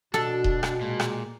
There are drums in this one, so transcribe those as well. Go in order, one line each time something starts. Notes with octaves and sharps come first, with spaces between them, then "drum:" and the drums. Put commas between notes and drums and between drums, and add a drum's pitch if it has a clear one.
B2 D4 F#4 A4
drum: kick D#1
drum: rim click
A#2 G#3
drum: rim click